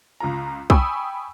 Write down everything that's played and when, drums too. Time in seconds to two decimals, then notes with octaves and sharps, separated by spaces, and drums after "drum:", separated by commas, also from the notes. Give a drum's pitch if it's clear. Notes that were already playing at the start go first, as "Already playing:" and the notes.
0.20 C#2 F4 A#5
0.70 G5 G#5 B5 C#6 D#6 E6, drum: kick B1